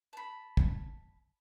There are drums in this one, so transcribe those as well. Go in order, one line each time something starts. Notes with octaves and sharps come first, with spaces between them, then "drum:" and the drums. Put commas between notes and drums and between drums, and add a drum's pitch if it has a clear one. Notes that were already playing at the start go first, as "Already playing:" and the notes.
A5 B5
drum: kick